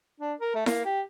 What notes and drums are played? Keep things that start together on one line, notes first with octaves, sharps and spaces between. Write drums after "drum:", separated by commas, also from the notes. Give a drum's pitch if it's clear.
D4
A#4
A3
A#3, drum: snare E4
G4